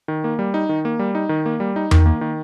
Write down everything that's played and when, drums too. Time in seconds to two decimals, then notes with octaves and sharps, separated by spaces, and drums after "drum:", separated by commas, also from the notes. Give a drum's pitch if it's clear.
0.08 D#3
0.24 A#3
0.39 G3
0.54 D#4
0.69 D#3
0.85 A#3
0.99 G3
1.15 D#4
1.29 D#3
1.46 A#3
1.60 G3
1.76 D#4
1.91 D#3, drum: tom E2
2.06 A#3
2.21 D#3